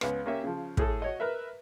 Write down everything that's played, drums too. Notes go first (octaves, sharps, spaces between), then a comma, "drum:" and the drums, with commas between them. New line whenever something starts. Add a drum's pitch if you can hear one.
C#2 B3, drum: rim click
A#3 C#4 G4 E5
C#3 F3
A2 G#4 A4, drum: kick
F#4 C#5 D#5
A#4 B4 E5